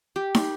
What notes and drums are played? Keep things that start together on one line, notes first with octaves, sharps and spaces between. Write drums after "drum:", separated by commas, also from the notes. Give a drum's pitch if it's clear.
G4
drum: snare